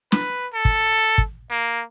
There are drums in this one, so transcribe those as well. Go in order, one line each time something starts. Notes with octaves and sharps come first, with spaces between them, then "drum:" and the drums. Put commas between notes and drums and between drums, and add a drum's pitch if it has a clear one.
B4, drum: snare
A4
drum: kick
drum: kick
A#3